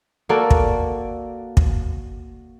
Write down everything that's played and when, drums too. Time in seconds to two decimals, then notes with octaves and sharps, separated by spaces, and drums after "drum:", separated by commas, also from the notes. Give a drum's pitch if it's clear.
0.29 A#3 F#4 A4 D5
0.51 drum: kick
1.57 drum: kick